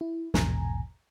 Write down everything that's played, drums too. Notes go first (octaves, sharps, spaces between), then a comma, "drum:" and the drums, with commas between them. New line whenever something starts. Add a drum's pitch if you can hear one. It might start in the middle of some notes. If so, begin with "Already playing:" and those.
E4
A#1 E2 G#2 B2 G#5 A#5, drum: snare